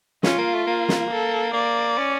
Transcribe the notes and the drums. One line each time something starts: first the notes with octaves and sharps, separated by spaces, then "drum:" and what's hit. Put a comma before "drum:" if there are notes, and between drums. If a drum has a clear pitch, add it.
C#4 F4, drum: snare
A#3
A3
A#3
drum: snare
A4
A#3 D5
C#4